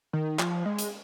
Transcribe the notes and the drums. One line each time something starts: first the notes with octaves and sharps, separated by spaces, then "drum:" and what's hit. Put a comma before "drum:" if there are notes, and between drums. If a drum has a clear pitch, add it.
D#3
F3, drum: clap
G#3
drum: hi-hat